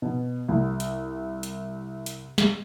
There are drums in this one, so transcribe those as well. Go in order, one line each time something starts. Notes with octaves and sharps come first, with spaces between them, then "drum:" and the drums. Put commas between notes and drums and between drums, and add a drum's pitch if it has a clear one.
B2
C2
drum: hi-hat
drum: hi-hat
drum: hi-hat
drum: snare